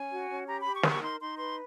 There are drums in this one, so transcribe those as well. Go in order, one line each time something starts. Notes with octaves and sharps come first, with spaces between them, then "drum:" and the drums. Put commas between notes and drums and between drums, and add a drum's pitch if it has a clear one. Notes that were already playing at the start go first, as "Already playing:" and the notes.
Already playing: C#4 G#5
F#4
C#4
G4 A#5
G4 B5
C#6
A#4, drum: snare
C#6
D#4 C6
D#4 C6
B4 C6